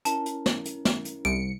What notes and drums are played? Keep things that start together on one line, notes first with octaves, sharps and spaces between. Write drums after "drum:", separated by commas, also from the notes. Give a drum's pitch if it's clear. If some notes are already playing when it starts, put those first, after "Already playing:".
C#4 E4 A#4 A5, drum: hi-hat
drum: hi-hat
drum: snare
drum: hi-hat
drum: snare
drum: hi-hat
C2 C#7 D7